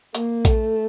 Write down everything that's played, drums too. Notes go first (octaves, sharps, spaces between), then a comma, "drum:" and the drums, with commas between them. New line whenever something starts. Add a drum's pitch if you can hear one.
A#3, drum: hi-hat
A3, drum: kick A#1, hi-hat